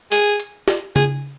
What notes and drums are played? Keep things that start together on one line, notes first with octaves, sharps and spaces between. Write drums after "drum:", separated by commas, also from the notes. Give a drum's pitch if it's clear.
G#4, drum: hi-hat
drum: hi-hat
drum: snare
G#4, drum: tom C#3